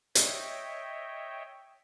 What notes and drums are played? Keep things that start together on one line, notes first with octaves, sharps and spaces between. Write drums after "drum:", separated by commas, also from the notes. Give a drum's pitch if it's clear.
C#5 D#5 E5 G5, drum: hi-hat